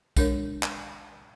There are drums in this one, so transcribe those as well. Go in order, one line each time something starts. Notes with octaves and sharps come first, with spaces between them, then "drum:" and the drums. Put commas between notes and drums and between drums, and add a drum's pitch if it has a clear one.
G#3 D4 A#4 C#5, drum: kick, tambourine
drum: clap